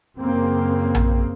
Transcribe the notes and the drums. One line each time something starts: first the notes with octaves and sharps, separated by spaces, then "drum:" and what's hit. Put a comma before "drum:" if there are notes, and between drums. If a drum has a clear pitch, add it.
F#2 C#3 A#3 C4
drum: tom A#1